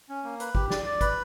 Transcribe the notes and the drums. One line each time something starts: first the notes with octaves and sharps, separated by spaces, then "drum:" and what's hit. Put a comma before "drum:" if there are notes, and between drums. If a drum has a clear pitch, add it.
C#4
A#3
B4, drum: hi-hat
G4, drum: kick
D5, drum: snare
D5
B4, drum: kick, hi-hat